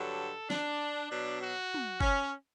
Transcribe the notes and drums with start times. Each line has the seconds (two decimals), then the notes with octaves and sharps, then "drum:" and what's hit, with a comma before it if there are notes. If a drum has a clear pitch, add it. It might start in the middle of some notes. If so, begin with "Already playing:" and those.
Already playing: G2 D3 F#3 A4
0.50 D4, drum: snare
1.10 B2 F#3 D4
1.41 F#4
1.74 drum: tom
2.01 C#4, drum: kick F#1